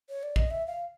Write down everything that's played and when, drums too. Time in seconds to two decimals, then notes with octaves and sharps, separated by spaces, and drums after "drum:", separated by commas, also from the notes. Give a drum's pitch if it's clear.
0.09 C#5
0.23 D5
0.36 D#5, drum: kick
0.51 E5
0.67 F5